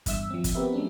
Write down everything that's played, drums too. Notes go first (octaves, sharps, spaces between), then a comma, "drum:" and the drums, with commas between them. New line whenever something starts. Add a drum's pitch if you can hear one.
E2 G2 E5 E6, drum: kick G1, hi-hat
F3 C4
drum: kick G1, hi-hat
B3 C4 G4 A#4 B4 E5
F#3 G#3 A3 C#4 D4